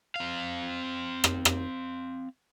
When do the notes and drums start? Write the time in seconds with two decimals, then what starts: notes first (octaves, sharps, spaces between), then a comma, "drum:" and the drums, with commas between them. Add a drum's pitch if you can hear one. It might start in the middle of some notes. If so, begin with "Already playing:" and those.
0.16 C4 F5
1.24 drum: rim click
1.45 drum: rim click